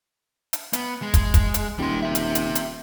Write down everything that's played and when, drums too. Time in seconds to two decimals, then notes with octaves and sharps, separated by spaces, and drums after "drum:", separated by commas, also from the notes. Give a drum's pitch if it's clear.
0.53 drum: hi-hat
0.73 B3, drum: hi-hat
1.02 G#3
1.14 drum: kick, hi-hat
1.34 drum: kick, hi-hat
1.54 drum: hi-hat
1.79 D#1 G3 C6
2.03 C4 E5
2.15 drum: hi-hat
2.35 drum: hi-hat
2.55 drum: hi-hat